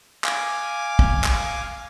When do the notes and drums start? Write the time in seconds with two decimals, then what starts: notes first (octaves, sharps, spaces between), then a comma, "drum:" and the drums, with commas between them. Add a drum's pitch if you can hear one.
0.24 F5 G#5 D6, drum: clap
0.99 drum: kick
1.24 drum: clap